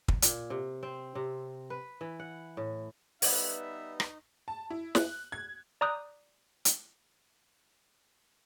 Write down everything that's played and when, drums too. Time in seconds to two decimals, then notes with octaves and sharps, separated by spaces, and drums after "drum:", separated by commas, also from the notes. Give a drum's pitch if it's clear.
0.08 drum: kick
0.22 A#2, drum: hi-hat
0.50 C3
0.83 C4
1.15 C3
1.70 B4
2.01 E3
2.20 F#5
2.57 A2
3.22 G3 B3 D#4 B4 E5, drum: open hi-hat
4.00 drum: rim click
4.48 A5
4.70 E4
4.95 F#6, drum: snare
5.32 G#6
5.81 D5 A#5 D6 D#6 F#6 G6
6.65 drum: hi-hat